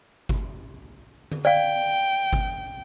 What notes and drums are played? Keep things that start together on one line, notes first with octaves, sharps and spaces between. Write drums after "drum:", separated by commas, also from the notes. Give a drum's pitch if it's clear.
drum: kick G1
drum: tom D3
D5 F5 G5
drum: kick G1